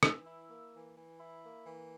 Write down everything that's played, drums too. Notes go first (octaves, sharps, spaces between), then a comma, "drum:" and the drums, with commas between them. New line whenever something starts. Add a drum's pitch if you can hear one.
E3 E6, drum: rim click
E4
A#3
E3
E3
E4
A#3
E3